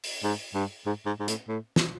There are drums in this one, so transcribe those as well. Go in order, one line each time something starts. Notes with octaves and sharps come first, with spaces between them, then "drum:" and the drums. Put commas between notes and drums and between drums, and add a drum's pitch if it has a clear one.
drum: open hi-hat
G#2
G2
G#2
G#2
G#2
A2, drum: hi-hat
A2
drum: snare